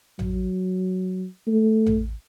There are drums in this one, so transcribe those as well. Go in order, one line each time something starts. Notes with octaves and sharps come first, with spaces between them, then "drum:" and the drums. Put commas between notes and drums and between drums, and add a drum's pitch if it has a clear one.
F#3, drum: tom A1
A3
drum: tom A1